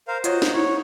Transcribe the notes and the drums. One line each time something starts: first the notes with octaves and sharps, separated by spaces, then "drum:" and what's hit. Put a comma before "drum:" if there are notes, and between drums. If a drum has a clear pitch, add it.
A#4 C5 F5
F4 F#4 C5 C#5 D#5, drum: hi-hat
drum: snare
D#4 E4 C#5